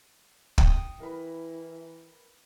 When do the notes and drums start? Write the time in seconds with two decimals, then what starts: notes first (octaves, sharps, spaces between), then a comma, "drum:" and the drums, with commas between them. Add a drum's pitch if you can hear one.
0.58 G5 D#6, drum: kick
1.00 E3 E4 A#4 B4 B5